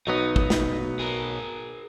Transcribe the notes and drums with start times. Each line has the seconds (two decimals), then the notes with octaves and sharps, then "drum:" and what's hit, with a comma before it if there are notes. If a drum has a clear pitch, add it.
0.07 B1 F#3 B3 D#4
0.36 drum: kick
0.50 drum: snare
0.99 G#4 A#4